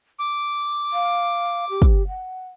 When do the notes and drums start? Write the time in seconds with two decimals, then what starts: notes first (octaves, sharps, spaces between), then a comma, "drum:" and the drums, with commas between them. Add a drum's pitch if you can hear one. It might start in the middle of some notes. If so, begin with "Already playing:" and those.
0.19 D6
0.93 F5
1.70 G4
1.82 drum: kick
2.08 F#5